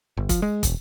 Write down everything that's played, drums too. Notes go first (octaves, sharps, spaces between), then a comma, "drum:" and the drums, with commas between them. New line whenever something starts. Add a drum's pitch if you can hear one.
G1
F3, drum: kick, hi-hat
G#3
E1, drum: kick, hi-hat